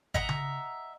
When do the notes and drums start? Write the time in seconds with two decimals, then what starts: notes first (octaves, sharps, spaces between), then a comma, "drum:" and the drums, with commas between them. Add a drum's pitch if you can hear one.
0.14 D#5 E5 F#5 A#5, drum: kick G#1
0.29 drum: tom C#3